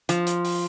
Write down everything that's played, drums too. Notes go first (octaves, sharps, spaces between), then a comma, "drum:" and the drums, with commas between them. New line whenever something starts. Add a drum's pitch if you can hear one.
F3, drum: hi-hat
drum: hi-hat
drum: open hi-hat